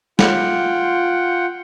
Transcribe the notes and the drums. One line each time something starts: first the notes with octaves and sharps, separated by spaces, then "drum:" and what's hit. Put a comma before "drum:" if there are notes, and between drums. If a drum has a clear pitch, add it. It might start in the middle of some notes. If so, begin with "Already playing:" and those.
F4 F#5 G5, drum: snare